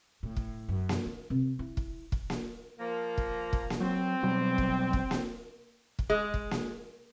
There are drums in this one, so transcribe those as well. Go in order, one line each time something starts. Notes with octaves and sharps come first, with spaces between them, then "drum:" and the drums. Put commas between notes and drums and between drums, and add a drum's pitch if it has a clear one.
A2
drum: kick
F#2
drum: snare A#3
D4
C3
E4
drum: kick
drum: kick
drum: snare A#3
F3 A#3
drum: kick
drum: kick
drum: snare A#3
F#3 C4
B2 F#3 G3
drum: kick
drum: kick
drum: snare A#3
drum: kick
G#3
drum: kick
drum: snare A#3